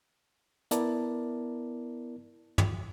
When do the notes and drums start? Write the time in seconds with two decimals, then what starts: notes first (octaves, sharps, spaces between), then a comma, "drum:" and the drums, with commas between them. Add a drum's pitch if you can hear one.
0.71 B3 E4 A#4 D5 A5, drum: hi-hat
2.58 drum: tom